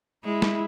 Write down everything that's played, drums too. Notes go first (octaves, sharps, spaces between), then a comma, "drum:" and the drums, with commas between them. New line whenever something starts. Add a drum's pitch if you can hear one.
G#3 E4
drum: snare